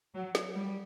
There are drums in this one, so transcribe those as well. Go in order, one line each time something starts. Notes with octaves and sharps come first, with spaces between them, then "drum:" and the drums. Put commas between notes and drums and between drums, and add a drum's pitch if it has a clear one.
F#3
drum: snare
G3